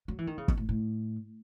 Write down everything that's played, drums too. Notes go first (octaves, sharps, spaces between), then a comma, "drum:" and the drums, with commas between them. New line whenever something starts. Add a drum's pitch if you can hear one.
F#3
E3
D#3
C#3
B2, drum: kick
A2
A2